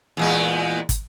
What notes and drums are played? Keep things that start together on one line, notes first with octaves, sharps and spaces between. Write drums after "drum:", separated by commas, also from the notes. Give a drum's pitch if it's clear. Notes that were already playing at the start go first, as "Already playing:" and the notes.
E2 A#2 G#3
drum: kick, hi-hat